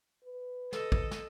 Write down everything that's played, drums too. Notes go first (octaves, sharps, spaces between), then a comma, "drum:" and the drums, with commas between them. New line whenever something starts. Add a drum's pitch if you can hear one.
B4
A4 D#5, drum: snare
drum: kick
drum: snare